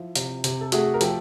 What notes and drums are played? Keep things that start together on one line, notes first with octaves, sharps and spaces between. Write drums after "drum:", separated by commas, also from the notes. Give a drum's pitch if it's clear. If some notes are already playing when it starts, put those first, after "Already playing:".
Already playing: F3 E4
C3, drum: hi-hat
C3, drum: hi-hat
A4
A3 F#4 G#4, drum: hi-hat
A#4
F3 G4 A4, drum: hi-hat